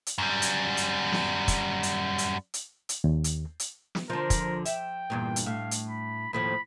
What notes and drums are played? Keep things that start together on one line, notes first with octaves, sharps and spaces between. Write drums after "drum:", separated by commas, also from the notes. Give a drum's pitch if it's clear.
drum: hi-hat
F#2 G3
drum: hi-hat
drum: hi-hat
drum: snare
drum: kick, hi-hat
drum: hi-hat
drum: hi-hat
drum: hi-hat
drum: hi-hat
D#2
drum: hi-hat
drum: hi-hat
drum: snare
D3 F3 A#4
drum: kick, hi-hat
E5 G5, drum: hi-hat
E2 G2 A#2
drum: hi-hat
A2 F5
drum: hi-hat
B5
D#2 A2 F3 B5